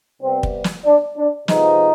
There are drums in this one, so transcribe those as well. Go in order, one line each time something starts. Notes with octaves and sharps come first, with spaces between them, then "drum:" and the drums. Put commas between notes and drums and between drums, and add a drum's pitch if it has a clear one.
C3 G3 B3 C4
drum: kick
drum: snare
D4
D4
C3 F3 G#3 B3 D#4, drum: snare